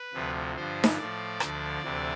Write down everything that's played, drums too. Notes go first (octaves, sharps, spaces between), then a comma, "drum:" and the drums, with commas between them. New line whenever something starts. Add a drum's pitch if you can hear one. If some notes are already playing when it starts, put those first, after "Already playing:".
Already playing: B4
D2 C3 F3
G2 D3 F3 C5
drum: snare D#4
A2 F3 D5
D2 D3 F3, drum: rim click
D2 C3 E3